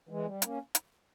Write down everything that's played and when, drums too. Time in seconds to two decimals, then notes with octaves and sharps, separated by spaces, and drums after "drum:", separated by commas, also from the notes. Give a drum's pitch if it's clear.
0.09 E3 G#3
0.25 G3
0.42 A#3 C#4, drum: hi-hat
0.75 drum: hi-hat